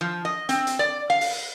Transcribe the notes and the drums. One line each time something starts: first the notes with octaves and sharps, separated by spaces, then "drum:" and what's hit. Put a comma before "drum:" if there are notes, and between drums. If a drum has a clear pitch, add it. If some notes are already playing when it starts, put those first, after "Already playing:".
F3
D#5
C4, drum: hi-hat
drum: hi-hat
D5
F5
drum: open hi-hat